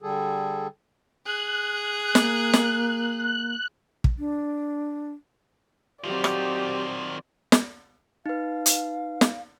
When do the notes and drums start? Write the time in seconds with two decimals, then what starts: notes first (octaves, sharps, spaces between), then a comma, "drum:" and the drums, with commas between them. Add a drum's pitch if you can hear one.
0.03 D3 G3 G#4 A4
1.26 G#4 F#6
2.15 A#3, drum: snare
2.53 drum: snare
4.04 drum: kick
4.19 D4
6.04 D#3 F#3 C4 F4 G4 D5
6.24 drum: rim click
7.52 drum: snare
8.26 D#4 B4 F5
8.66 drum: hi-hat
9.21 drum: snare